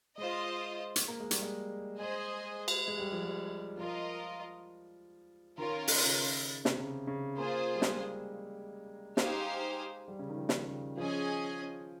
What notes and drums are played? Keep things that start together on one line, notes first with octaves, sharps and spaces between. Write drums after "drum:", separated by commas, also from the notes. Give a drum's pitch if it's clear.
G#3 F4 C5 D#5
drum: hi-hat
A#3
G#3
G3, drum: hi-hat
G#3
G#4 C5 D#5 G#5
drum: cymbal
G#3
G3
F3
G3
F3 F4 A#4 D#5
D#3 C#4 F4 A#4
drum: open hi-hat
C#3
C3, drum: snare
C#3
C#3
A#3 F4 G#4 C5
G3
G#3, drum: snare
D#4 G4 C5 F5 G#5, drum: snare
G3
C#3
D#3
F3
drum: snare
C#3
F3 C#4 G#4 D#5 G#5